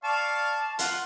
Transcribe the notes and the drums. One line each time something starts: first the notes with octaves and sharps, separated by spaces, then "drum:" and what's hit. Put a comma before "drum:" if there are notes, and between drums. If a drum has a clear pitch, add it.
D5 F5 A5 C#6
F4 F#5, drum: hi-hat